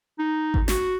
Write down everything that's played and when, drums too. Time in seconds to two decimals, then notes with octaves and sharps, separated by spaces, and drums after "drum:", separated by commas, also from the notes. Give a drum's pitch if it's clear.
0.19 D#4
0.54 drum: kick G#1
0.68 F#4, drum: snare